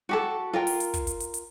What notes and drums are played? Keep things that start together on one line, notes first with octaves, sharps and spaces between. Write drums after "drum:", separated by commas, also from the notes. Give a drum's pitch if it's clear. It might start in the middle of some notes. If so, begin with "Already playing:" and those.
F#4 G4 A4
F4 A#4 G5
drum: open hi-hat
drum: hi-hat
drum: kick, hi-hat
drum: hi-hat
drum: hi-hat
drum: hi-hat